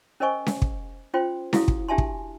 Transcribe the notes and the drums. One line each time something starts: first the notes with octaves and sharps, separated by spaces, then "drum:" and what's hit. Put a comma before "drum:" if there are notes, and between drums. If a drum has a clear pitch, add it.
C#4 A#4 C5 D#5 G#5 C#6
drum: snare C#4
drum: kick
C#4 F4 C5 G5 C6
E4 F#4 G#4 F5 D#6, drum: snare C#4
drum: kick
D4 G4 E5 G#5 A5 C6
drum: kick